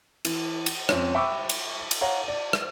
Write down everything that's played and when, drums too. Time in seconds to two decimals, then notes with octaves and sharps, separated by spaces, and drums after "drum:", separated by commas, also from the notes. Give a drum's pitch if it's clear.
0.25 E3, drum: cymbal
0.66 drum: cymbal
0.89 F2 C4 C#4, drum: rim click
1.14 E5 G5 B5 C#6 D6 E6
1.49 drum: cymbal
1.91 drum: cymbal
2.01 C#5 F5 F#5 A#5
2.28 D5
2.53 drum: rim click